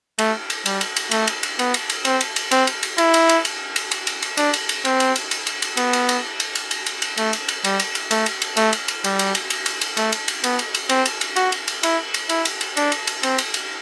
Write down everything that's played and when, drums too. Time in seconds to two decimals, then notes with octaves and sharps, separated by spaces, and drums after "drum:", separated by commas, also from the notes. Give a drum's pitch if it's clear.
0.19 A3, drum: cymbal
0.50 drum: cymbal
0.66 G3, drum: cymbal
0.81 drum: cymbal
0.96 drum: cymbal
1.11 A3, drum: cymbal
1.27 drum: cymbal
1.43 drum: cymbal
1.59 B3, drum: cymbal
1.74 drum: cymbal
1.90 drum: cymbal
2.05 C4, drum: cymbal
2.21 drum: cymbal
2.36 drum: cymbal
2.51 C4, drum: cymbal
2.67 drum: cymbal
2.83 drum: cymbal
2.98 E4, drum: cymbal
3.14 drum: cymbal
3.29 drum: cymbal
3.45 drum: cymbal
3.76 drum: cymbal
3.91 drum: cymbal
4.07 drum: cymbal
4.22 drum: cymbal
4.37 D4, drum: cymbal
4.53 drum: cymbal
4.69 drum: cymbal
4.85 C4, drum: cymbal
5.00 drum: cymbal
5.16 drum: cymbal
5.31 drum: cymbal
5.47 drum: cymbal
5.62 drum: cymbal
5.77 B3, drum: cymbal
5.93 drum: cymbal
6.09 drum: cymbal
6.40 drum: cymbal
6.55 drum: cymbal
6.71 drum: cymbal
6.86 drum: cymbal
7.02 drum: cymbal
7.17 A3, drum: cymbal
7.33 drum: cymbal
7.48 drum: cymbal
7.64 G3, drum: cymbal
7.79 drum: cymbal
7.95 drum: cymbal
8.11 A3, drum: cymbal
8.26 drum: cymbal
8.42 drum: cymbal
8.57 A3, drum: cymbal
8.73 drum: cymbal
8.88 drum: cymbal
9.04 G3, drum: cymbal
9.19 drum: cymbal
9.35 drum: cymbal
9.50 drum: cymbal
9.66 drum: cymbal
9.81 drum: cymbal
9.97 A3, drum: cymbal
10.12 drum: cymbal
10.28 drum: cymbal
10.44 B3, drum: cymbal
10.59 drum: cymbal
10.74 drum: cymbal
10.89 C4, drum: cymbal
11.06 drum: cymbal
11.21 drum: cymbal
11.36 F#4, drum: cymbal
11.52 drum: cymbal
11.68 drum: cymbal
11.83 E4, drum: cymbal
12.14 drum: cymbal
12.29 E4, drum: cymbal
12.45 drum: cymbal
12.61 drum: cymbal
12.77 D4, drum: cymbal
12.92 drum: cymbal
13.07 drum: cymbal
13.23 C4, drum: cymbal
13.38 drum: cymbal
13.54 drum: cymbal